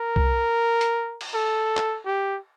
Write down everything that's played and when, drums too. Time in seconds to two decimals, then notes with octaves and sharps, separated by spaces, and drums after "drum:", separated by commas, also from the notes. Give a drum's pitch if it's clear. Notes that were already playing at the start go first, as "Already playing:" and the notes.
Already playing: A#4
0.16 drum: kick C2
0.81 drum: hi-hat
1.21 drum: cymbal
1.35 A4
1.77 drum: clap
2.06 G4